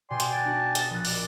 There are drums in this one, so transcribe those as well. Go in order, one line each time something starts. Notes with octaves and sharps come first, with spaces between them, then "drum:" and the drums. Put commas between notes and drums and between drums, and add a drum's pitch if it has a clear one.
B2 D5 G5 G#5 C6
drum: hi-hat
A5 F#6 G#6 D7
D4 F#4
D#5, drum: hi-hat
A#1 F#6
D5, drum: open hi-hat